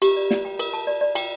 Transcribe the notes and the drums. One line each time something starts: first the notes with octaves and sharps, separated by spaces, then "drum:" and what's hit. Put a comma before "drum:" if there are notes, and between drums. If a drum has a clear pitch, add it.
G4, drum: cymbal
D5
D5, drum: snare
G5
A#4, drum: cymbal
A5
D5
D5
G5, drum: cymbal